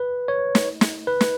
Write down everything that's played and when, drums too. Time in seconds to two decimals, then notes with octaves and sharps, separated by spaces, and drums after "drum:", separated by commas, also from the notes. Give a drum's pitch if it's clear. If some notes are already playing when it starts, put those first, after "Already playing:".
Already playing: B4
0.28 C#5
0.55 drum: snare
0.81 drum: snare
1.07 B4
1.21 drum: snare